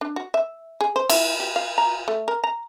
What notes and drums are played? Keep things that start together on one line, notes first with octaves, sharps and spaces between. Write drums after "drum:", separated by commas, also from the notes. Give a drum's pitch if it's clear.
D4
F#4
E5
G#4
C5
E4, drum: cymbal
G4
F5
A#5
A3
A#4
A#5